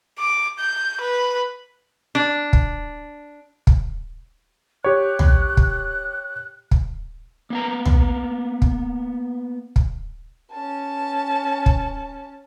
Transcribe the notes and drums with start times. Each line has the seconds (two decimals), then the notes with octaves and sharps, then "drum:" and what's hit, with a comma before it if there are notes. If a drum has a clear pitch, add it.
0.19 D6
0.59 G6
1.01 B4
2.15 D4
2.53 drum: kick
3.67 drum: kick
4.84 G4 C#5 F#6
5.19 drum: tom
5.57 drum: kick
6.71 drum: kick
7.50 A#3 B3 A#5
7.86 drum: tom
8.62 drum: kick
9.76 drum: kick
10.52 C#4 A5
11.66 drum: kick